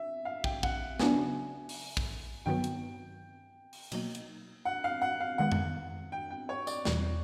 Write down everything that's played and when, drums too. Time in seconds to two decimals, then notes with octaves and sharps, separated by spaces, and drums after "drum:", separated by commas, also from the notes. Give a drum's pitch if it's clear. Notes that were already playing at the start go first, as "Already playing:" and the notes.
Already playing: E5
0.25 F5
0.44 G5, drum: kick
0.63 F#5, drum: kick
0.99 C#3 F#3 B3 D4 F#4 G#5, drum: snare
1.69 drum: open hi-hat
1.97 drum: kick
2.46 G2 D#3 F#3 B3 G5
2.64 drum: hi-hat
3.73 drum: open hi-hat
3.92 B2 F#3 A#3 D#4, drum: cymbal
4.15 drum: hi-hat
4.65 F#5
4.84 F5
5.02 F#5
5.20 F5
5.38 D#3 G#3 B3 F#5
5.52 drum: tom F2
6.12 G5
6.31 G5
6.49 C#5
6.67 D5, drum: tambourine
6.85 E2 B2 G3, drum: snare